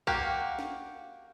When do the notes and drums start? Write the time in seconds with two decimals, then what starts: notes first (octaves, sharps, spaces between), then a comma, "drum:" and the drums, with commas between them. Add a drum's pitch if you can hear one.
0.07 A#3 F#4 G4, drum: kick A#1
0.59 drum: snare